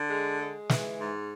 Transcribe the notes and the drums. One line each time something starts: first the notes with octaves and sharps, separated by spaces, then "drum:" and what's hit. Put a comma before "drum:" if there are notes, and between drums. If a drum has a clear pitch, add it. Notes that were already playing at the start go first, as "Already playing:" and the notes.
Already playing: D3
G#3
G#3
E3, drum: snare
G#2